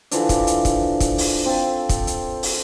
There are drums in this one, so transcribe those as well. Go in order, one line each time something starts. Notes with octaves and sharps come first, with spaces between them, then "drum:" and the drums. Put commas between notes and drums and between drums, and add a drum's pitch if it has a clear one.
D3 E3 F3 D4, drum: hi-hat
drum: kick, hi-hat
drum: hi-hat
drum: kick, hi-hat
drum: kick, hi-hat
drum: open hi-hat
C4 A4 F5 A5
drum: kick, hi-hat
drum: hi-hat
drum: open hi-hat